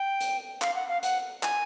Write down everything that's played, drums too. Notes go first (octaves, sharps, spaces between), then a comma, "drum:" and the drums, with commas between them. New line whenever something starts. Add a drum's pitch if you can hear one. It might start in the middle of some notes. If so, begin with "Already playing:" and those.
Already playing: G5
drum: hi-hat
F5, drum: clap
F#5
F5
F#5, drum: hi-hat
G#5, drum: clap